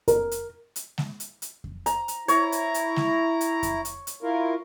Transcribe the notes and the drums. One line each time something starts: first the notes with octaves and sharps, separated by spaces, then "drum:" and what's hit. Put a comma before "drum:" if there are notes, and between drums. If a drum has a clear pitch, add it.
A#4, drum: kick F2, hi-hat
drum: hi-hat
drum: hi-hat
drum: snare G#3
drum: hi-hat
drum: hi-hat
drum: kick F2
A#5, drum: hi-hat
drum: hi-hat
E4 C#5 A#5, drum: hi-hat
drum: hi-hat
drum: hi-hat
drum: snare G#3
drum: hi-hat
drum: kick F2, hi-hat
drum: hi-hat
drum: hi-hat
E4 F4 A#4